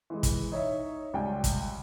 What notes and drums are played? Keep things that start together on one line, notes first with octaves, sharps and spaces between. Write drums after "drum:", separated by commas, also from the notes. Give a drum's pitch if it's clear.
E3 G#3
drum: kick, hi-hat
D#4 C#5 D#5 E5
C#2 G3 G5 G#5
drum: kick, hi-hat